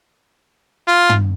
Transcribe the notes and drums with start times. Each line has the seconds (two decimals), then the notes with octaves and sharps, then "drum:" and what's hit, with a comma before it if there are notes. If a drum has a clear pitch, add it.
0.88 F4
1.09 drum: tom